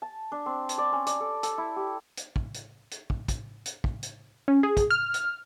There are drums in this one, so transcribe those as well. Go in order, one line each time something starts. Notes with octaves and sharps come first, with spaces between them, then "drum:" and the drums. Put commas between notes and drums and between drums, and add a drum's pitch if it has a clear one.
A5
D4
C4
drum: hi-hat
D5
C#4
D5, drum: hi-hat
A4
A4, drum: hi-hat
E4
G4
drum: hi-hat
drum: kick
drum: hi-hat
drum: hi-hat
drum: kick
drum: kick, hi-hat
drum: hi-hat
drum: kick
drum: hi-hat
C#4
G#4
drum: kick, hi-hat
F6
drum: hi-hat